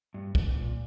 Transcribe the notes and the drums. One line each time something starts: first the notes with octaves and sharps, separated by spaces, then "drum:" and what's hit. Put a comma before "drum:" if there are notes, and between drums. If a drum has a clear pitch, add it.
G2
G#2, drum: kick
A#2